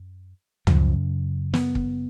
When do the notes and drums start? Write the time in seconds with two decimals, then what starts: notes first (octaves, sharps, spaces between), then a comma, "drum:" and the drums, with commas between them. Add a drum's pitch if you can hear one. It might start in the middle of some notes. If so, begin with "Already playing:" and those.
Already playing: F#2
0.67 F#2 C#3 F3, drum: tom C#2
1.54 B3, drum: snare
1.75 drum: kick